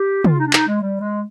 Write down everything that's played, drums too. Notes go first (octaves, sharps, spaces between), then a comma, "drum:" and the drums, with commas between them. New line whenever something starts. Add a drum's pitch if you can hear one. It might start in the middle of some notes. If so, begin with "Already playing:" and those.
Already playing: G4
F4, drum: tom
D#4
D4
D#4, drum: clap
G#3
G3
G#3